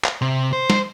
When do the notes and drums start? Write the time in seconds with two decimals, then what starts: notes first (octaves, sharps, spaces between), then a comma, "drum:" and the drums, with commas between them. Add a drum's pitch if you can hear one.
0.04 drum: clap
0.21 C3
0.53 C5
0.70 drum: snare